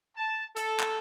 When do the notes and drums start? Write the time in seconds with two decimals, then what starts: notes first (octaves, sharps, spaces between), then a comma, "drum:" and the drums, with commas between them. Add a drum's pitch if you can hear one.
0.16 A5
0.57 A4, drum: hi-hat
0.79 drum: clap